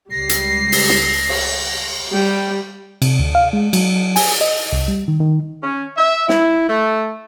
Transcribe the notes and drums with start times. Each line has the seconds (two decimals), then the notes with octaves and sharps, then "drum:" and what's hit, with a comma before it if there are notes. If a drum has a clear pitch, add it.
0.11 C#2 G3 A#6 C7
0.29 drum: hi-hat
0.72 drum: open hi-hat
0.89 drum: snare
1.29 drum: cymbal
2.11 G3 G5
3.02 C3, drum: cymbal
3.19 D2
3.35 F5
3.53 G#3
3.73 F#3, drum: cymbal
4.16 G#5, drum: open hi-hat
4.41 D#5
4.73 C2
4.88 G3
5.08 D#3
5.20 D#3
5.62 C#4
5.96 E5
6.29 E4, drum: snare
6.69 A3